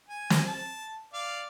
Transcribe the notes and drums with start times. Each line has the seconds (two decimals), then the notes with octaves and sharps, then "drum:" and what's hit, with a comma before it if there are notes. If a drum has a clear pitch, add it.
0.09 G#5
0.30 drum: snare
0.46 A5
1.13 D5 F5